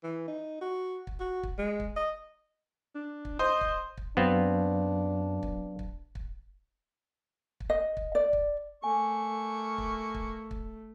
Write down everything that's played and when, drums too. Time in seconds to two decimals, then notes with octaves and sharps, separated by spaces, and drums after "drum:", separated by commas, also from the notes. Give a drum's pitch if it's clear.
0.04 E3
0.28 D#4
0.61 F#4
1.07 drum: kick
1.20 F#4
1.43 drum: kick
1.58 G#3
1.80 drum: kick
1.96 D#5
2.95 D4
3.25 drum: kick
3.39 C5 D#5
3.61 drum: kick
3.97 drum: kick
4.17 F#2 F#3 B3 C4 D4 F5
5.43 drum: kick
5.79 drum: kick
6.15 drum: kick
7.60 drum: kick
7.70 D#5
7.97 drum: kick
8.15 D5
8.33 drum: kick
8.84 A3 A#3 G#5 C#6
9.78 drum: kick
10.15 drum: kick
10.51 drum: kick